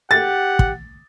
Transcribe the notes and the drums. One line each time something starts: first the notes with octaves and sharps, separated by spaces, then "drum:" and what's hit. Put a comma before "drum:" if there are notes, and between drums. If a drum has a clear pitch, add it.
G4 F#5 A6
drum: kick